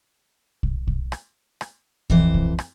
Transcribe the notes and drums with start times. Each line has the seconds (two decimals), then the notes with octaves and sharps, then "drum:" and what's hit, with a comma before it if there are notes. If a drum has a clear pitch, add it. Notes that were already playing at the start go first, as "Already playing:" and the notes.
0.63 drum: kick
0.87 drum: kick
1.12 drum: rim click
1.61 drum: rim click
2.10 F2 E3 C5, drum: kick
2.34 drum: kick
2.59 drum: rim click